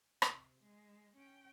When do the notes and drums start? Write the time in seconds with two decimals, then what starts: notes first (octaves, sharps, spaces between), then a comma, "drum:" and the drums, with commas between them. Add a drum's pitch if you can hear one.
0.22 C3, drum: rim click
0.60 G#3
1.16 C#4 G5